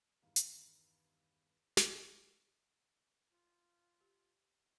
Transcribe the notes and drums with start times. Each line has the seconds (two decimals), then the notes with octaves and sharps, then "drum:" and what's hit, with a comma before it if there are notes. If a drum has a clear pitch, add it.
0.22 E2 G2 D#3 F5
0.36 drum: hi-hat
1.77 drum: snare
3.31 F4
4.01 G4